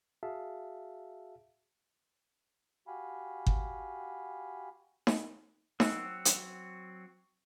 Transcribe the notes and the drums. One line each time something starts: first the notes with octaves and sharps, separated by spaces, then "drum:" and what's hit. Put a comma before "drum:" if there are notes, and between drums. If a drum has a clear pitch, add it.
F#4 G#4 E5 F5 A5
F#4 G4 F5 G#5 B5
drum: kick G1
drum: snare D#4
F#3 C4 F#4 E6, drum: snare D#4
drum: hi-hat